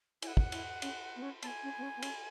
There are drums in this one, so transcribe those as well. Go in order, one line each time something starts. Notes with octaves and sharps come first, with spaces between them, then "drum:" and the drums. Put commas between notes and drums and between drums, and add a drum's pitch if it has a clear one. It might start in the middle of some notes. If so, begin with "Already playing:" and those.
E4 G#5, drum: cymbal
F#5
drum: kick
E4, drum: cymbal
C#4, drum: cymbal
B3
C#4
B3 A5, drum: cymbal
G#5
C#4
B3
C#4
B3
C#4, drum: cymbal